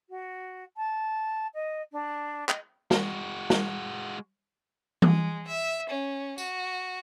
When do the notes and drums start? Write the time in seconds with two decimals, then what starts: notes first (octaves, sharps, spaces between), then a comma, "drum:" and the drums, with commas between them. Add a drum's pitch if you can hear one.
0.09 F#4
0.76 A5
1.54 D#5
1.92 D4
2.49 D#5, drum: clap
2.91 G#3 F#4, drum: snare
3.50 drum: snare
5.02 G#3, drum: tom E3
5.47 E5
5.89 C#4
6.38 F#4, drum: tambourine